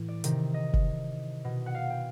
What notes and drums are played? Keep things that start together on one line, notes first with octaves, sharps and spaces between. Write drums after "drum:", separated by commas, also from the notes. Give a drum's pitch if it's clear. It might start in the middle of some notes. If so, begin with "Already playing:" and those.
Already playing: A2 E3
D5
C3 D#3, drum: hi-hat
D#5
drum: kick F#1
B2
F#5
F5
G5